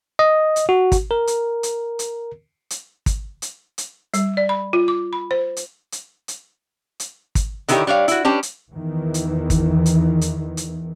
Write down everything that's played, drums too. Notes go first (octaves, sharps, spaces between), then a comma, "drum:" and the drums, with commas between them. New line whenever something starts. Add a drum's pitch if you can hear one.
D#5
drum: hi-hat
F#4
drum: kick, hi-hat
A#4
drum: hi-hat
drum: hi-hat
drum: hi-hat
drum: hi-hat
drum: kick, hi-hat
drum: hi-hat
drum: hi-hat
G3, drum: hi-hat
D5
B5
F4
D6
B5
C5
drum: hi-hat
drum: hi-hat
drum: hi-hat
drum: hi-hat
drum: kick, hi-hat
D3 D#3 C4 E4 G4 C#5, drum: hi-hat
G3 D4 C#5 F5
E4 F#4, drum: hi-hat
C#4 D4 G4 B4
drum: hi-hat
E2 D#3 E3
drum: hi-hat
drum: kick, hi-hat
drum: hi-hat
drum: hi-hat
drum: hi-hat